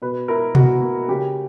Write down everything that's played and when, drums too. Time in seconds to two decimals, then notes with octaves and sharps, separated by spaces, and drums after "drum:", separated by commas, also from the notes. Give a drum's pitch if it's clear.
0.02 B2 B4
0.28 E4 A#4
0.55 B2 F#4, drum: tom B2
0.82 A#3
1.08 C#3 G4